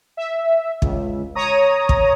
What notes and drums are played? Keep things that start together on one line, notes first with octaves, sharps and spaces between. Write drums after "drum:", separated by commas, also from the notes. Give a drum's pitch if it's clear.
E5
C#2, drum: kick
C#5 A#5 D#6
drum: kick